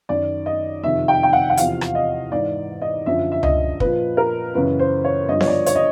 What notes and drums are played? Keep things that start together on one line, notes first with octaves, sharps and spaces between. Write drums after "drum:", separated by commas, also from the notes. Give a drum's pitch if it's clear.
F#2 D#3 D5
D#5
F2 C3 D#3 E5
G5
G5
F#5
F#5
E2 C3 F3 F5, drum: hi-hat
drum: rim click
D#5
G#2 E3 D5
D#5
F#2 D3 F3 E5
E5
D#5, drum: tom C#2
A#2 F3 B4, drum: kick
A#4
F#2 C#3 E3 B4
C5
C#5
G2 D3 F3 D#5
C#5, drum: snare B3
D5
C#5, drum: hi-hat
D#5